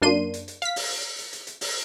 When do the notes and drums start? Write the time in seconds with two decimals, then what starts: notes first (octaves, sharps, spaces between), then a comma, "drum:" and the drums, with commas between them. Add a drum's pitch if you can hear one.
0.02 F#2 A#3 D4 C6 D#7
0.34 drum: hi-hat
0.48 drum: hi-hat
0.62 F5 B6, drum: hi-hat
0.76 drum: open hi-hat
0.90 drum: hi-hat
1.19 drum: hi-hat
1.33 drum: hi-hat
1.47 drum: hi-hat
1.61 drum: open hi-hat